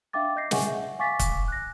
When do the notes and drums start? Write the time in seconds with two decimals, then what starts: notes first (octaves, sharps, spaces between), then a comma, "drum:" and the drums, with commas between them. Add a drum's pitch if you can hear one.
0.13 D4 E5 F5 G5 D6 A6
0.36 D#5 G6 A#6 C7
0.51 G#4 D#5 E5 F#5 G#5 C#6, drum: snare
0.67 E5
0.99 F5 G#5 C#6 D6 A6 B6
1.19 drum: kick, hi-hat
1.48 F#6 A#6